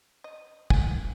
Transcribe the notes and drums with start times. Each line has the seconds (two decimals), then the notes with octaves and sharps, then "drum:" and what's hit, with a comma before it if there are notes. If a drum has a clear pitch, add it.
0.24 D#5
0.70 G#5, drum: kick